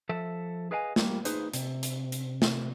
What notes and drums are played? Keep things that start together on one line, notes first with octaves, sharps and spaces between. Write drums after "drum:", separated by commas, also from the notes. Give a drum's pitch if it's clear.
F3 A4 E5
G#4 B4 D#5 F5 F#5 G#5
G3 A#3, drum: snare
D#4 G#4 B4 C5, drum: hi-hat
C3, drum: hi-hat
drum: hi-hat
drum: hi-hat
drum: snare